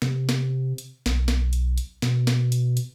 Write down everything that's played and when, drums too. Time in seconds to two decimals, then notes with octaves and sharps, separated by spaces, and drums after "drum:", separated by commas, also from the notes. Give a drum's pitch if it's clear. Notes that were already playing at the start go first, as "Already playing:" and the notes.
0.02 C3, drum: snare
0.29 drum: snare
0.78 drum: hi-hat
1.06 B1, drum: snare
1.28 drum: snare
1.53 drum: hi-hat
1.78 drum: hi-hat
2.02 B2, drum: snare
2.27 drum: snare
2.52 drum: hi-hat
2.77 drum: hi-hat